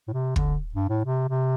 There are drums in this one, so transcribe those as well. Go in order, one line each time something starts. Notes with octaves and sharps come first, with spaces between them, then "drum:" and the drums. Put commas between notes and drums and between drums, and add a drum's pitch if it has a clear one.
A2
C3
D3, drum: kick
G2
A2
C3
C3